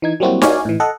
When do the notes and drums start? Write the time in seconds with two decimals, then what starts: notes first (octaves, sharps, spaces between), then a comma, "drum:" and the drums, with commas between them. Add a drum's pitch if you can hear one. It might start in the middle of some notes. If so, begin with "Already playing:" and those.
0.02 E3 D#4 G#6
0.20 F#3 G3 A#3 C4 E4 F#4
0.42 D#4 F#4 C#5 D5 F5 G#5, drum: snare D#4
0.65 A2 E3
0.80 A4 D#5 F#5